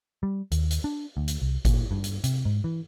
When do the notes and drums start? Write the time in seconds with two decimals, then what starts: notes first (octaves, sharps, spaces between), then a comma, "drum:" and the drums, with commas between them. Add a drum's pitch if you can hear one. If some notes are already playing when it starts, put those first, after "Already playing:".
0.23 G3
0.52 D#2, drum: hi-hat
0.71 drum: hi-hat
0.84 D4
1.17 D2
1.28 drum: hi-hat
1.42 C2
1.65 A#2, drum: kick G#1, hi-hat
1.91 G2
2.04 drum: hi-hat
2.24 C3, drum: hi-hat
2.45 G#2
2.64 E3